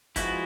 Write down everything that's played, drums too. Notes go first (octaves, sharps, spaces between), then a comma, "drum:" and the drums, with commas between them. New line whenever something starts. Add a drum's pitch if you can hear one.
F3 G#3 B3 E4 F#4, drum: kick, hi-hat